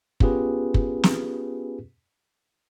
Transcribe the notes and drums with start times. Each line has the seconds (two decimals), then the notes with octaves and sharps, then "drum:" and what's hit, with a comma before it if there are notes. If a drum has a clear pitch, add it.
0.20 B3 C#4 F4 G4 G#4 B4, drum: kick
0.74 drum: kick
1.04 drum: snare